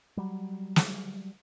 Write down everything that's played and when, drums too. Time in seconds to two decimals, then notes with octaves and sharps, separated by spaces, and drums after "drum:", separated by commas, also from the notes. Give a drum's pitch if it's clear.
0.17 F#3 G3
0.76 drum: snare